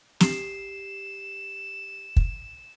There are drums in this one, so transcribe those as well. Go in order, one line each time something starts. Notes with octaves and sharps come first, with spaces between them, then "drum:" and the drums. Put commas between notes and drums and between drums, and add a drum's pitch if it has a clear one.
G4 C7 E7, drum: snare
drum: kick